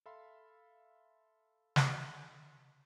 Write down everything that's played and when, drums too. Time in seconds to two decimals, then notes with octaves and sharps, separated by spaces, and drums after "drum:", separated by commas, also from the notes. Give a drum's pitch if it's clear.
0.06 A4 E5 F5 B5 C6
1.76 drum: snare